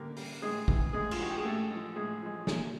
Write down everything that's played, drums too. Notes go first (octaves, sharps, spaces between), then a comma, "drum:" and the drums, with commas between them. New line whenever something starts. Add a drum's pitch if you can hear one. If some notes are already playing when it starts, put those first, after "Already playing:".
Already playing: D3 G3 A#3 A#4
G3, drum: open hi-hat
A2 G#3 G#4
E3 G3, drum: kick
A2 G#3 G#4
F4, drum: cymbal
E3 G3 F#4
G4
G#4
A2 A3 A4
F3 G#3
A2 G#3 G#4
F3 G#3
A#2, drum: snare